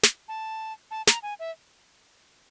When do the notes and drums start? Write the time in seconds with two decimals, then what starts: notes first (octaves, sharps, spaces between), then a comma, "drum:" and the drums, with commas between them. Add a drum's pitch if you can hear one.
0.03 drum: snare
0.28 A5
0.91 A5
1.07 A#5, drum: snare
1.23 G#5
1.40 E5